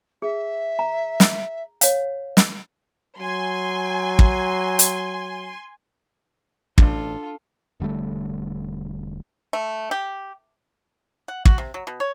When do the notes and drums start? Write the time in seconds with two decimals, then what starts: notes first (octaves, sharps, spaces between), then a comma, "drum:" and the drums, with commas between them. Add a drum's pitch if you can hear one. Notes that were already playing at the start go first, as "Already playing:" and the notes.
0.22 G#4 E5
0.79 A#5
1.20 drum: snare
1.81 C#5 F5, drum: hi-hat
2.37 drum: snare
3.18 F#3 G#5 C6
4.19 drum: kick
4.79 drum: hi-hat
6.78 A1 B2 D4 F4 A4, drum: kick
7.80 E1 D3 G3 A3
9.53 A3
9.91 G4
11.28 F#5
11.45 F#4, drum: kick
11.58 C3
11.74 F#3
11.87 B2
12.00 C#5